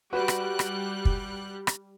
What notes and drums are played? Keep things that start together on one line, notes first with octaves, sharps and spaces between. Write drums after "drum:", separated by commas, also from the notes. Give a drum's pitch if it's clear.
G3 F#4 B4 F#6
drum: rim click
drum: rim click
drum: kick
drum: rim click